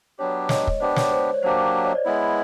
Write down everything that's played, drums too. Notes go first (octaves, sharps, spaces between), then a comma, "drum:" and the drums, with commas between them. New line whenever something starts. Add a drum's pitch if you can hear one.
F#3 B3 D4 G4 C#5
C#5 D#5, drum: snare
drum: kick
B3 D4 G4 C5 D5
C#5, drum: snare
C5
C#5
F#3 A#3 D4 G4 C5
C#5 D#5
C5 D5
G#3 B3 E4 C#5